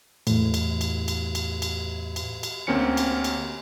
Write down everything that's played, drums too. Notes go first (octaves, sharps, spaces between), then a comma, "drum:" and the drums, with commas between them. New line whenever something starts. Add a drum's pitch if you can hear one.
E2 A2, drum: cymbal
drum: cymbal
drum: cymbal
drum: cymbal
drum: cymbal
drum: cymbal
drum: cymbal
drum: cymbal
D2 A#3 C4 C#4 C#7
drum: cymbal
drum: cymbal